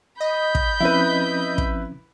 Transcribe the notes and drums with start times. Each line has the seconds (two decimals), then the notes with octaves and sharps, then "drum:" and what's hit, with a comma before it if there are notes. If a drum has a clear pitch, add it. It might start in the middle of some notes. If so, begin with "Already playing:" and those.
0.20 D#5 B5 G6
0.55 drum: kick
0.80 F3 C4 C#4 E4 B4
1.58 drum: kick